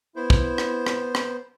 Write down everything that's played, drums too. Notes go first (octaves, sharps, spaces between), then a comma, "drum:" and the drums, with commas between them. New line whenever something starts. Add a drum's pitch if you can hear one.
B3 E4 C5
drum: kick
drum: rim click
drum: rim click
drum: rim click